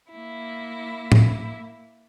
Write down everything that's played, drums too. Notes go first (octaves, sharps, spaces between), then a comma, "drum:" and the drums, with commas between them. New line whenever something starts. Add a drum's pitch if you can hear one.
A#3 E4
drum: tom A2